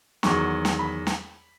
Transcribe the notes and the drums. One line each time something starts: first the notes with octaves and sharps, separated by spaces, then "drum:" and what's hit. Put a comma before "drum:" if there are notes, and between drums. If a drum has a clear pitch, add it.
E2 D#3 F#3 C#6, drum: snare
drum: snare
B5
drum: snare